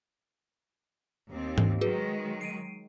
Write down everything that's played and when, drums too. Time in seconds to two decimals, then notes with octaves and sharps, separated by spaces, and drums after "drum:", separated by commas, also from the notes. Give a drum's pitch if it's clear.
1.30 D#2 C4
1.58 drum: tom G#2
1.81 D#3 F#3 G#3 F#4 G#4 B4
2.41 C7 D7 D#7